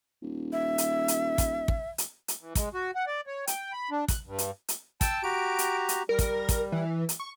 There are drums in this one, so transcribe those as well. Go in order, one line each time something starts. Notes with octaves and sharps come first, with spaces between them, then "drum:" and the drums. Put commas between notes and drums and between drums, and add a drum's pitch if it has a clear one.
D#1
E5
drum: hi-hat
drum: hi-hat
drum: kick, hi-hat
drum: kick
drum: hi-hat
drum: hi-hat
E3
G#3, drum: kick, hi-hat
F#4
F#5
D5
C#5
G5, drum: hi-hat
B5
D4
F#6, drum: kick, hi-hat
G2
drum: hi-hat
drum: hi-hat
G5 A5 E6, drum: kick, hi-hat
F#4 G4 A#5 D7
drum: hi-hat
drum: hi-hat
G3 A#4
drum: kick, hi-hat
drum: kick, hi-hat
E3
drum: hi-hat
C#6